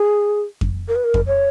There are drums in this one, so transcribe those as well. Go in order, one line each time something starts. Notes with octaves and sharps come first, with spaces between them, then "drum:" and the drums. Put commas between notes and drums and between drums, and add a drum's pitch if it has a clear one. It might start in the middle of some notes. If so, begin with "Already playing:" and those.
Already playing: G#4
drum: kick F2
A#4
B4
A#4
drum: kick F2
C#5